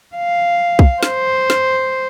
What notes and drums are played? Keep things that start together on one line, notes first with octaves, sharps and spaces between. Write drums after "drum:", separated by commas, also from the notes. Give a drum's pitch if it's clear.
F5
drum: kick
C5, drum: snare
drum: snare